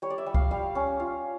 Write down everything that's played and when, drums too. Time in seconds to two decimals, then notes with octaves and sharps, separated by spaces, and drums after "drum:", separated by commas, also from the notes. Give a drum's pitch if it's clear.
0.02 G3 C#5
0.10 D5
0.18 E5
0.26 G3
0.34 F5, drum: kick C#2
0.51 G3 F5
0.75 C#4
1.00 F4